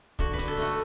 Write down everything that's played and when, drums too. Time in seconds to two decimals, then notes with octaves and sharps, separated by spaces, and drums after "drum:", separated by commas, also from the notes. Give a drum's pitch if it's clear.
0.19 D3 F#4, drum: kick
0.33 B4
0.38 D3, drum: hi-hat
0.48 A4
0.57 A3 F#4